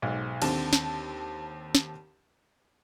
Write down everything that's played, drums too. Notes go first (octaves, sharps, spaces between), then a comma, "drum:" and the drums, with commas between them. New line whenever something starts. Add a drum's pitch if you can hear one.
B1 G#2
D#2 D3 C4 A5, drum: cymbal
drum: snare
drum: snare